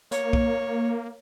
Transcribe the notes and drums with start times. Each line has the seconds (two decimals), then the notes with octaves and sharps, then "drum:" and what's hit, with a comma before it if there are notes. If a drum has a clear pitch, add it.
0.11 A#3 C#5, drum: hi-hat
0.33 drum: kick